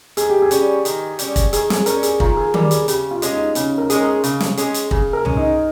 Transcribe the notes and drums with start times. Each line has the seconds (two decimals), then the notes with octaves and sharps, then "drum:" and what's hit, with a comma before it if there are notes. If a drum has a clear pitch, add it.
0.17 D#3 G#4, drum: hi-hat
0.29 G4
0.42 G#4
0.51 G3 C#4, drum: hi-hat
0.85 D#3, drum: hi-hat
1.19 G3 C#4, drum: hi-hat
1.36 drum: kick, hi-hat
1.53 D#3 G#4, drum: hi-hat
1.70 G#4, drum: snare
1.86 G3 C#4 A#4, drum: hi-hat
2.03 G#4, drum: hi-hat
2.20 D#3 F4, drum: kick
2.37 G#4
2.54 G3 C#4 A#4, drum: tom D#3
2.71 G#4, drum: hi-hat
2.88 C#3 G4, drum: hi-hat
3.11 F4
3.22 G#3 C#4 G#4, drum: hi-hat
3.33 D#4
3.55 C#3 C#4, drum: hi-hat
3.78 A#4
3.90 G#3 C#4 G#4, drum: hi-hat
4.00 A#4
4.24 C#3, drum: hi-hat
4.40 drum: snare
4.57 G#3 C#4 G#4, drum: hi-hat
4.74 drum: hi-hat
4.91 C#3 G#4, drum: kick
5.13 A#4
5.25 G#3 C#4 G#4, drum: tom C2
5.37 D#4